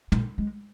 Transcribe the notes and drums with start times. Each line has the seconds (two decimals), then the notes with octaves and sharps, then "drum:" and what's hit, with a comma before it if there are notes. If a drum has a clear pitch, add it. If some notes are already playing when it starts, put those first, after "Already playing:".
0.12 A#2, drum: tom
0.38 G#3